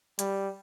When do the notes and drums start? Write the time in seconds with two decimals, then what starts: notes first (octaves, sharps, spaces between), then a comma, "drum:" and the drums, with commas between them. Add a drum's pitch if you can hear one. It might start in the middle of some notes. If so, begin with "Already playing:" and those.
0.19 G3, drum: hi-hat